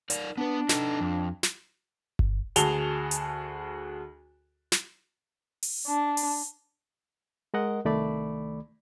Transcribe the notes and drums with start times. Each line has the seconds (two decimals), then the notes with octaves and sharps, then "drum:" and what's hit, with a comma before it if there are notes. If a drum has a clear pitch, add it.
0.10 D#4 A#4 D5, drum: hi-hat
0.37 B3 D4 B4
0.69 D#4 A4 D#5, drum: snare
1.01 F2
1.43 drum: snare
2.19 drum: kick G1
2.56 D2 F#4 G#4 A5 F7 G7, drum: hi-hat
3.11 drum: hi-hat
4.72 drum: snare
5.63 drum: open hi-hat
5.87 D4
6.17 drum: open hi-hat
7.54 G#3 A#4 D#5 F#5
7.85 C2 D#3 A3 D5 B5 D6